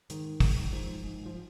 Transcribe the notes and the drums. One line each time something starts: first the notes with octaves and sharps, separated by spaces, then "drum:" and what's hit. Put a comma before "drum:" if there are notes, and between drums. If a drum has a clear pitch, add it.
G#2 D#3, drum: hi-hat
G#2, drum: kick, open hi-hat
G#2 F3
G#2
F3